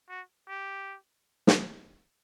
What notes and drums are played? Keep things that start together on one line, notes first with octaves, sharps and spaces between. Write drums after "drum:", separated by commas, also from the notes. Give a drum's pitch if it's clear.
F#4
G4
drum: snare